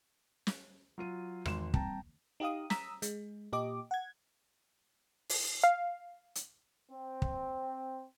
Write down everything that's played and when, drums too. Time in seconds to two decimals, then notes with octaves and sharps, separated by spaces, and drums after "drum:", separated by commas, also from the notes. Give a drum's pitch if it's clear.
0.47 drum: snare
0.98 F#3 F4 D#7
1.45 G#1 E2 G#3 C6 E7, drum: rim click
1.74 G3 C4 G5 A5 A#5, drum: kick
2.40 D#4 G4 D#5 F5 D#6
2.70 A#5 D#6 E6 B6, drum: snare
3.02 G#3, drum: hi-hat
3.53 A#2 G4 D#5 D6
3.91 F#5 G#6
5.29 drum: open hi-hat
5.63 F5
6.35 drum: hi-hat
6.92 C4
7.22 drum: kick